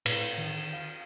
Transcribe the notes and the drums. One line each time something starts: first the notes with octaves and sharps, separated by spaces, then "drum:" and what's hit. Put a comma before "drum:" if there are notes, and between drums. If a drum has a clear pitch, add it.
A2, drum: cymbal
D#3
F5